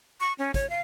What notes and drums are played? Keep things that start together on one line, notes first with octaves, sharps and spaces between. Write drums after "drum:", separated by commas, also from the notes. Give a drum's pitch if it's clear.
C#6
C#4
C#5, drum: kick, hi-hat
F5